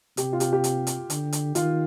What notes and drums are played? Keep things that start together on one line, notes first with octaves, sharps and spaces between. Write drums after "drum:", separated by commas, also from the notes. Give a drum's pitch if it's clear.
C3 G4, drum: hi-hat
F4
G4, drum: hi-hat
G4
drum: hi-hat
drum: hi-hat
D3, drum: hi-hat
drum: hi-hat
D#3 F4, drum: hi-hat